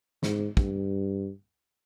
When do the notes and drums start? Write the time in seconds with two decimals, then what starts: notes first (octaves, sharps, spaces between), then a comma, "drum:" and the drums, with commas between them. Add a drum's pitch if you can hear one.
0.23 G#2, drum: snare
0.57 G2, drum: kick